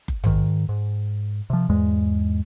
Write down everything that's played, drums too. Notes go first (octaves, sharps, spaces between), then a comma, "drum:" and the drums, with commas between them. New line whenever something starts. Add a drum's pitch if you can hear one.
drum: kick F#1
G#2 D#3, drum: tom A1
G#2
C3 F3
E2 G#2 G#3